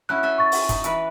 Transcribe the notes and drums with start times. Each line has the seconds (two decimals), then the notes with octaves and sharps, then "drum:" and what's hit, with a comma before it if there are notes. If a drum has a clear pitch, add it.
0.09 F#3 C#4 E4 F#6
0.23 A4 E5 G#5
0.38 C#6 A6
0.52 drum: open hi-hat
0.69 D#4, drum: kick, hi-hat
0.84 E3 B4, drum: hi-hat